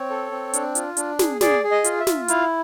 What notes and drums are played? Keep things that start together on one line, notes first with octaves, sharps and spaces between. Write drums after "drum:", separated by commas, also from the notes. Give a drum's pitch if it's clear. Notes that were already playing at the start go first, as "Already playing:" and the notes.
Already playing: C4 C#5
A4
C4
D4, drum: hi-hat
F4, drum: hi-hat
D4, drum: hi-hat
G#4, drum: snare
G#4 D5, drum: snare
G#4
D#5
F4, drum: hi-hat
E5
F4, drum: snare
E4 F5, drum: hi-hat